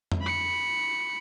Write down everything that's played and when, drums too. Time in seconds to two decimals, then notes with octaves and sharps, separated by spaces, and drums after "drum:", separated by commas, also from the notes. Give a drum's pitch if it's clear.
0.12 drum: tom F2
0.22 B5 C#7